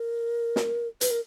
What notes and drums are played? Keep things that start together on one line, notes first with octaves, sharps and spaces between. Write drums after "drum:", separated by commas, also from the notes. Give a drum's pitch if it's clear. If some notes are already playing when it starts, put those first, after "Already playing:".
Already playing: A#4
drum: snare
B4, drum: hi-hat
A#4